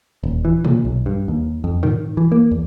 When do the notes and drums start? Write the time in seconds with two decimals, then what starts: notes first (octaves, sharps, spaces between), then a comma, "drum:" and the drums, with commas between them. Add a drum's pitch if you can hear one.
0.23 D#1
0.45 E3
0.65 A#2, drum: tom A#2
0.85 B1
1.06 G2
1.28 D#2
1.64 F2
1.83 D#3, drum: tom G#2
2.17 E3
2.32 A#3
2.51 E2